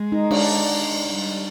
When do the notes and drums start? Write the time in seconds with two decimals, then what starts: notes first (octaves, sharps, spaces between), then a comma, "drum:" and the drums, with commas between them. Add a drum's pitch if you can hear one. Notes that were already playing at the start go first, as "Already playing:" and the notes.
Already playing: G#3
0.12 D#4
0.31 D4, drum: cymbal
1.10 G3